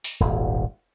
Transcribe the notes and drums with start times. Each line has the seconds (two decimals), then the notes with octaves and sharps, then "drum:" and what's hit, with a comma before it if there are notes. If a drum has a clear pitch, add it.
0.04 drum: open hi-hat
0.20 D#1 G#1